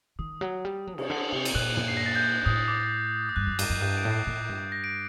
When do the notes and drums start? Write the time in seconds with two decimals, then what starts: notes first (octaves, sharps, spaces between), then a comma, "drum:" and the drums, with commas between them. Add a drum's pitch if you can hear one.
0.19 D#3 D#6
0.41 F#3
0.65 G3
0.87 F#3
0.98 C3, drum: cymbal
1.10 D3
1.32 C3
1.45 drum: cymbal
1.55 A#2 F#6
1.77 drum: tom
1.88 C7
1.97 A#6
2.06 A6
2.15 G6
2.31 G6
2.46 A2 D#6
2.68 D6
3.29 D#6
3.36 G2 F#6
3.47 F#2
3.59 G2, drum: cymbal
3.70 F#2
3.81 G2 G6
3.97 D7
4.05 A2
4.12 C7
4.27 A2
4.49 G2
4.72 A#6
4.84 D7